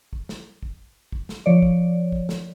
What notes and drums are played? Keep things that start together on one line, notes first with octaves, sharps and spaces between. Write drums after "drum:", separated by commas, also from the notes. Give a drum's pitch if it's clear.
drum: kick
drum: snare
drum: kick
drum: kick
drum: snare
F3 C#5 D5
drum: kick
drum: kick
drum: snare